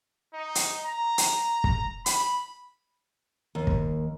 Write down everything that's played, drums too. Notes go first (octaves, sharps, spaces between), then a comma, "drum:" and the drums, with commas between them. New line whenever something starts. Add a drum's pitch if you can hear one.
D#4
drum: hi-hat
A#5
drum: hi-hat
drum: kick
B5, drum: hi-hat
D#2
drum: kick